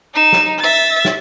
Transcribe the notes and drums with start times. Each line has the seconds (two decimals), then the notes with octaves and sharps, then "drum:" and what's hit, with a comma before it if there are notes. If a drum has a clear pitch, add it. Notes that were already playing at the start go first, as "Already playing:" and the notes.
0.14 D#4 E7
0.32 drum: snare
0.59 E5 A6
1.05 drum: snare